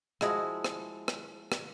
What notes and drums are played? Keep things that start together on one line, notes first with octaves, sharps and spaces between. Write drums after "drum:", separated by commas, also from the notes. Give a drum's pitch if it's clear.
F3 G#3 E4 F#4, drum: rim click
drum: rim click
drum: rim click
drum: rim click